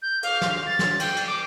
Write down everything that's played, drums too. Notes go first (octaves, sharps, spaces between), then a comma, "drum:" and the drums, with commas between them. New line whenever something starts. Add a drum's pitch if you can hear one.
G6
F5, drum: cymbal
drum: snare
A6
drum: snare
G5, drum: cymbal
drum: cymbal
D6